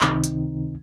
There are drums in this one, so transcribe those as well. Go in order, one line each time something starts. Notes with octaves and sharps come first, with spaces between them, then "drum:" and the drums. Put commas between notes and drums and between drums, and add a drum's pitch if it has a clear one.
C#2 C3 D#3 C4 D#4, drum: clap
drum: hi-hat